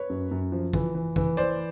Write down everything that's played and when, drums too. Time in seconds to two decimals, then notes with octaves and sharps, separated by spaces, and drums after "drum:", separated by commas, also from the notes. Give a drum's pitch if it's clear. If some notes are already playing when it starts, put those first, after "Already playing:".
Already playing: B4 C#5
0.10 F#2
0.31 F#2
0.52 F3
0.73 E3, drum: kick
0.95 E3
1.16 E3, drum: kick
1.37 E3 C5 D5